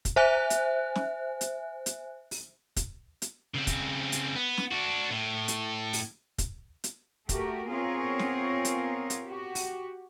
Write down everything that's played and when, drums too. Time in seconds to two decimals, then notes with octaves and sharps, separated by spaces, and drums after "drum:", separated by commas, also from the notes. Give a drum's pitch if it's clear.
0.05 drum: kick, hi-hat
0.16 C5 E5 G#5 F#6
0.50 drum: hi-hat
0.96 drum: snare
1.41 drum: hi-hat
1.86 drum: hi-hat
2.31 drum: open hi-hat
2.76 drum: kick, hi-hat
3.22 drum: hi-hat
3.54 C#3 C4
3.67 drum: kick, hi-hat
4.12 drum: hi-hat
4.36 B3
4.57 drum: snare
4.72 D4 F#4
5.10 A2
5.48 drum: hi-hat
5.93 drum: open hi-hat
6.38 drum: kick, hi-hat
6.84 drum: hi-hat
7.29 A3 F#4 G4 A#4, drum: kick, hi-hat
7.69 B3 C4 F4 G#4 A#4 C#5
8.19 drum: snare
8.65 drum: hi-hat
9.10 drum: hi-hat
9.24 F#4 G4
9.55 drum: open hi-hat